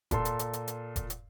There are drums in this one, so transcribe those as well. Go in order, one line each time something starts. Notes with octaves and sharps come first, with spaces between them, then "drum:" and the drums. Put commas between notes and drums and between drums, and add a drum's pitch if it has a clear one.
A#2 A4 C6, drum: kick E1, hi-hat
drum: hi-hat
drum: hi-hat
drum: hi-hat
drum: hi-hat
drum: kick E1, hi-hat
drum: hi-hat